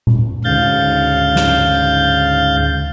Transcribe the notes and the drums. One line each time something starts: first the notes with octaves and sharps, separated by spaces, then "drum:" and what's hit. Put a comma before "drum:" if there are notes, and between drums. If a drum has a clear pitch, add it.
drum: tom A#2
D2 G#2 C#3 F5 G6 A6, drum: cymbal
drum: snare